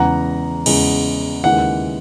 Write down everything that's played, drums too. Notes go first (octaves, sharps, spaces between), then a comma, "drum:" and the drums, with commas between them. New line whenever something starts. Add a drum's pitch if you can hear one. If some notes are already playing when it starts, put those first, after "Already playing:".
Already playing: E2 C#3 G#3 F#5 A#5
E2 C#3 G#3, drum: cymbal
D#2 C#3 E3 G#3 F#5